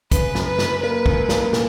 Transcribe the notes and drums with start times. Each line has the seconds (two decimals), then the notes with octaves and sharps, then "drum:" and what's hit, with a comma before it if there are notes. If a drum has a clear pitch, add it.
0.12 C#3 B4, drum: kick, hi-hat
0.35 F#2, drum: snare
0.47 B4
0.59 F#2, drum: snare
0.83 A#3 B4
1.06 C#2, drum: kick
1.29 A#3, drum: snare
1.53 A#2, drum: snare